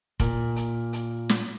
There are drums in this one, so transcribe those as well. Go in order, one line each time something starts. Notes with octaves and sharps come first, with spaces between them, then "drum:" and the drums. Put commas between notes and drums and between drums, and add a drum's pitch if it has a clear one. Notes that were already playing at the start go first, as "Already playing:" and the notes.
A#2, drum: kick F1, hi-hat
drum: hi-hat
drum: hi-hat
drum: snare